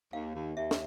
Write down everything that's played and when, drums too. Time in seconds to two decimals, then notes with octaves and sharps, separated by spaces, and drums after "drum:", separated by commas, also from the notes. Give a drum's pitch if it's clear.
0.13 D#2 F5
0.35 D#2
0.57 D#2 E5
0.71 drum: snare